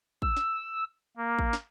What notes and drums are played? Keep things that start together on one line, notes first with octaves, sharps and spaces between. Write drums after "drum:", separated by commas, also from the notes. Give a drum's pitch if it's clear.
E6, drum: kick
drum: snare
A#3
drum: kick
drum: snare